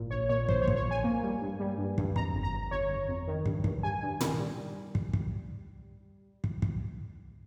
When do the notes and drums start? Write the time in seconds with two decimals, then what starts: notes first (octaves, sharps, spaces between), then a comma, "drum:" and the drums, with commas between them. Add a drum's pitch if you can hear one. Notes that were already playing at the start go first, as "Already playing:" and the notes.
Already playing: G#1 A#2
0.11 A#1 C#5
0.29 A#2 C#5
0.49 A#1 C5, drum: kick
0.62 C#5
0.68 A#2, drum: kick
0.76 C#5
0.86 A#1
0.91 G#5
1.04 A#3
1.23 G3
1.41 G2
1.60 G3
1.78 G2
1.98 G2, drum: kick
2.16 F2 A#5, drum: kick
2.34 G1
2.43 A#5
2.52 G1
2.71 G1 C#5
2.90 G1
3.08 F2
3.27 D#3
3.46 G2, drum: kick
3.64 G2, drum: kick
3.83 G2 G#5
4.02 G2
4.21 D#3, drum: tom
4.39 G3
4.95 drum: kick
5.13 drum: kick
6.44 drum: kick
6.62 drum: kick